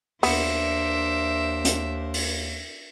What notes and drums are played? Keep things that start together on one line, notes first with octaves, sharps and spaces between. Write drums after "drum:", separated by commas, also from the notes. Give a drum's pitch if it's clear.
D#2 B3 D4 A#4 C5 E5, drum: open hi-hat
drum: hi-hat
drum: open hi-hat